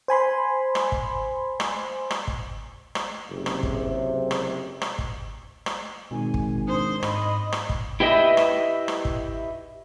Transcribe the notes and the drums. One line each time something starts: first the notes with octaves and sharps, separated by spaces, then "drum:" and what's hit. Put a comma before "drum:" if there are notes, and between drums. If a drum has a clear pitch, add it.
C5 G#5 B5 C6
drum: rim click
drum: kick
drum: rim click
drum: rim click
drum: kick
drum: rim click
F#1 C3
drum: rim click
drum: kick
drum: rim click
drum: rim click
drum: kick
drum: rim click
G#1 B2 G#5
drum: kick
D4 C5 D#6
G#2 D#5 B5, drum: rim click
drum: rim click
drum: kick
E4 G4 B4 D#5 E5
drum: rim click
drum: rim click
drum: kick